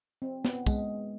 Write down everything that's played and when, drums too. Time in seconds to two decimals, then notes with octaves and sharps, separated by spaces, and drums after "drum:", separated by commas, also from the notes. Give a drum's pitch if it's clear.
0.22 C4
0.45 B3, drum: snare
0.67 G#3, drum: kick, tambourine